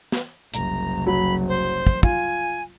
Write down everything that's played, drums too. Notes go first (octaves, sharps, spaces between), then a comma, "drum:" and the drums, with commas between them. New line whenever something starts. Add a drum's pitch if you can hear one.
drum: snare
F#1 C2 A#5, drum: hi-hat
F#3 B5
C5
drum: kick
F4 G#5, drum: kick